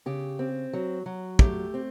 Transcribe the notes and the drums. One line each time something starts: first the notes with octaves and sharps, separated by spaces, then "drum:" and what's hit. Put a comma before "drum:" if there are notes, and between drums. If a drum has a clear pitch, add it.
C#3 G4
C4
F#3
F#3
A3 G4, drum: kick
C4